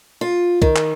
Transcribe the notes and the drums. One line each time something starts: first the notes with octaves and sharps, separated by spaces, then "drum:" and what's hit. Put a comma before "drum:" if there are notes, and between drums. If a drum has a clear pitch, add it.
F4
D#3, drum: kick
drum: clap